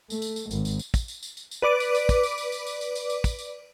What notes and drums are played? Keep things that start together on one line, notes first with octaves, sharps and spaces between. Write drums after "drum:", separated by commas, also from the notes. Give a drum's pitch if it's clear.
A3, drum: tambourine
drum: tambourine
drum: tambourine
G#1, drum: tambourine
drum: tambourine
drum: tambourine
drum: kick, tambourine
drum: tambourine
drum: tambourine
drum: tambourine
drum: tambourine
B4 D5 D6 D7
drum: tambourine
drum: tambourine
drum: kick, tambourine
drum: tambourine
drum: tambourine
drum: tambourine
drum: tambourine
drum: tambourine
drum: tambourine
drum: tambourine
drum: kick, tambourine
drum: tambourine